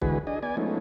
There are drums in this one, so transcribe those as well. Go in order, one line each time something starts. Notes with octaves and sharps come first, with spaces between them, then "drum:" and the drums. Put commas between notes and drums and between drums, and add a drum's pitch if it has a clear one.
D3 E3 G#3 F#4 G#4 B4, drum: kick
D4 G#4 D#5
B3 D5 G#5
F3 G#3 A3 B3 C#4 D#4